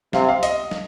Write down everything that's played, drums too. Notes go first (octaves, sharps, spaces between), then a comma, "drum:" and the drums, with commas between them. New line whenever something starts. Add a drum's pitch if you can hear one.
C3 F5, drum: snare
F5
D#5, drum: hi-hat
drum: snare